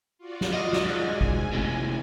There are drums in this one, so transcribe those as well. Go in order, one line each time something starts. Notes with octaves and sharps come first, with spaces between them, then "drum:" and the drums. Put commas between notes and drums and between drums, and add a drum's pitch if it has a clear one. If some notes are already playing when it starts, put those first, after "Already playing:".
F4 F#4 D5
drum: snare
D#5
drum: snare
G#2 G#5
drum: kick G#1
A2 C3